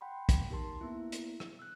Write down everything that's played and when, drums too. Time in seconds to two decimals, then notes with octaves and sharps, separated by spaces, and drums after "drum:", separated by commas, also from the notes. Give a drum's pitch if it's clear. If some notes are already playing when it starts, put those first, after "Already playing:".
0.01 F#5 G5 B5 C6
0.29 drum: kick, hi-hat
0.50 D#4 G4 A#4 A5 C6
0.81 A#3 B3 E4
1.12 drum: hi-hat
1.40 drum: rim click
1.59 E6 F#6